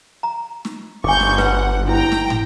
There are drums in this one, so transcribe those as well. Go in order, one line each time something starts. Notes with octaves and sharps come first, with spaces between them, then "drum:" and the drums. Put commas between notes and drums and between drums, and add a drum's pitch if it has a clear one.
A#5
drum: snare
G1 G#5 C#6 D6 G6
drum: snare
B4 F#5, drum: snare
E4 G5 A#5
drum: snare
drum: tom